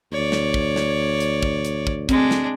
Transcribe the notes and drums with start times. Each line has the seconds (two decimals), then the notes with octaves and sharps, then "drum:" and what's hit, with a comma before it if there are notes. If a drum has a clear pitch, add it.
0.12 D2 C#5 D5
0.32 drum: snare
0.54 drum: kick
0.76 drum: snare
1.20 drum: hi-hat
1.43 drum: kick
1.65 drum: hi-hat
1.87 drum: kick
2.09 G#3 C4 D4, drum: kick, hi-hat
2.31 drum: snare